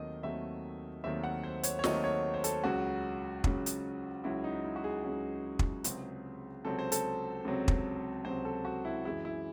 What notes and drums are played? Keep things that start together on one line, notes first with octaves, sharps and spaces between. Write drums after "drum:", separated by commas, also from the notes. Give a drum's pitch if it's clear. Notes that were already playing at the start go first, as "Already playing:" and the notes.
Already playing: D#2 D#3 F#3 A3 C4 D#5
D#2 D#3 F#3 A3 C4 E5
D#2 D#3 F#3 A3 C4 E5
F#5
C5
C#5, drum: hi-hat
C#5
D#2 D#3 F#3 A3 C4 D#5, drum: snare
C#5
C5
A4, drum: hi-hat
C#2 C#3 F#3 F#4
C#2 C#3 F#3, drum: kick
drum: hi-hat
C#2 C#3 F#3 E4
D#4
E4
F#4
G#4
C#2 C#3 F#3
drum: kick
C#2 C3 F#3 C4, drum: hi-hat
C#2 C3 F#3 C4 A4
C5
A4, drum: hi-hat
C#2 C3 F#3 C4
drum: kick
C#2 C3 F#3 C4 C5
A4
F#4
E4
F#2 E3 G#3 E4
E4